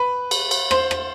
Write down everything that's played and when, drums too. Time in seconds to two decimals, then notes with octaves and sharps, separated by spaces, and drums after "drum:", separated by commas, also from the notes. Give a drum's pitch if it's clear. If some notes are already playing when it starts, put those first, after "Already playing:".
Already playing: B4 B5
0.31 drum: cymbal
0.51 drum: cymbal
0.71 C5 C6, drum: rim click
0.91 drum: rim click